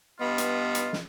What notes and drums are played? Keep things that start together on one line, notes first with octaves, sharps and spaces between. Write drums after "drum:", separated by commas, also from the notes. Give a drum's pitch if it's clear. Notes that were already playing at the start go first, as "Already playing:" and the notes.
G2 B3 F4 D#5
drum: hi-hat
drum: hi-hat
drum: snare